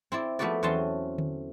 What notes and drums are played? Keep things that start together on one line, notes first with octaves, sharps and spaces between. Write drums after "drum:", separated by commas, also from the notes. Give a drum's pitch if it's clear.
C4 E4 D5
F3 A3 B3 F#4 B4 D5
E2 F#3 C4 C#4 A5 C6
drum: tom D3